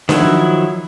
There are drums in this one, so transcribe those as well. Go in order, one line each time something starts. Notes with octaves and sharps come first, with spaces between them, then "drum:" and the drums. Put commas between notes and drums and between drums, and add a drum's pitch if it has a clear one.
D#3 F3 F#3 E4, drum: snare D4